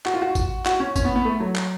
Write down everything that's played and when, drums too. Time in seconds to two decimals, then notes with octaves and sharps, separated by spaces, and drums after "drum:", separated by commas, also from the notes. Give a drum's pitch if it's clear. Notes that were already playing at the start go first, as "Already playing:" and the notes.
0.06 F#4, drum: clap
0.14 F4
0.22 F#4
0.35 drum: kick G#1, tambourine
0.66 F#4, drum: clap
0.80 C#4
0.96 C#4, drum: kick G#1, tambourine
1.05 B3
1.16 B3
1.25 A3
1.40 F#3
1.56 drum: clap